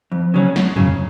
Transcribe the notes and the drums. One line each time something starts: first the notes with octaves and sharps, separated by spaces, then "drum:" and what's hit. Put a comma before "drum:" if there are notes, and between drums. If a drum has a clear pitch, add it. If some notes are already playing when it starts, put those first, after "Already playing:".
F2
C#3 F#3 C#4
F#2, drum: snare
C#3 F#3, drum: tom